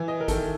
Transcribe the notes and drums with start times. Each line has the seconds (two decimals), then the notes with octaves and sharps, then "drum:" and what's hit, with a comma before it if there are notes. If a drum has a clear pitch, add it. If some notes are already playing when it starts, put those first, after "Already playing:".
Already playing: E3
0.08 D#5
0.20 A#4
0.28 D#3 A4, drum: kick, hi-hat